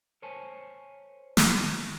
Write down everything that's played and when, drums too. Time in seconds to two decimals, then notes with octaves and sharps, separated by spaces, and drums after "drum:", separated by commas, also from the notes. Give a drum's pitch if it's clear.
0.22 A#4 C5 C#5 G#5 A5
1.37 drum: snare